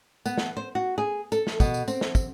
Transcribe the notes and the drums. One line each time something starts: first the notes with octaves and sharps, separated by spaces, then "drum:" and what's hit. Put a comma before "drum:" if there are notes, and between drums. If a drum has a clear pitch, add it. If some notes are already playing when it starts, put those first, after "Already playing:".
B3, drum: tambourine
drum: snare
C5
F#4
G#4
A4, drum: tambourine
drum: snare
B2, drum: kick, tambourine
drum: tambourine
C4, drum: tambourine
drum: snare
drum: kick, tambourine